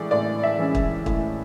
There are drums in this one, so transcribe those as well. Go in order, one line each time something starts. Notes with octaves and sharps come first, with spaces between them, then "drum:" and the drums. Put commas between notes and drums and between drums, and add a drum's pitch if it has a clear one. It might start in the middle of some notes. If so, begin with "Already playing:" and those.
Already playing: A2 E3 G#3 D5
A2 D5
E5
E3 G#3 C#4
drum: kick
A2, drum: kick